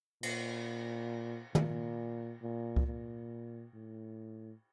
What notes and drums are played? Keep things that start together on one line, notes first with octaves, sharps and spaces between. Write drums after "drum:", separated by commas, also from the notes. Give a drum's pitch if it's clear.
A#2, drum: cymbal
A#2, drum: tom
A#2
drum: kick C#2
A#2
A2